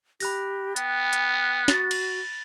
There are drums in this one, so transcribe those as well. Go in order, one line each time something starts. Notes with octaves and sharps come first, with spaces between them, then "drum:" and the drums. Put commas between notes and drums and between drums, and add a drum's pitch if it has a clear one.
G4 B5 F#6 A#6, drum: open hi-hat
B3 G5, drum: hi-hat
drum: hi-hat
F#4 A6 A#6, drum: snare
drum: cymbal